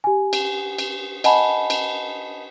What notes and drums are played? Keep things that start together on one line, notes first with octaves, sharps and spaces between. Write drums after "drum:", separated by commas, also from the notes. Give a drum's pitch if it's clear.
G4 G#5
drum: cymbal
drum: cymbal
D#5 F#5 G#5 A5 B5, drum: cymbal
drum: cymbal